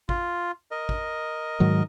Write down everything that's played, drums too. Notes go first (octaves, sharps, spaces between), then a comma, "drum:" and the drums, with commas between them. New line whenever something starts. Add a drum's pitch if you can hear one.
F4, drum: kick
A#4 D#5
drum: kick
G#2 D#3 F#3